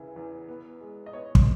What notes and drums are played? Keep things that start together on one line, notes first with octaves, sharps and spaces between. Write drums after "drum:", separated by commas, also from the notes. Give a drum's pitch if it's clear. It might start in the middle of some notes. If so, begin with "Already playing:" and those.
Already playing: E1 C#3 E3
E2
B3
G#3
D#5
B3 C#5
drum: kick